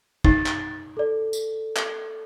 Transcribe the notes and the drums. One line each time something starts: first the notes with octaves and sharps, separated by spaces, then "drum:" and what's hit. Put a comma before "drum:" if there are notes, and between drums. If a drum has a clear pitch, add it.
D#4 A6, drum: kick
drum: clap
A4 D5
drum: tambourine
drum: clap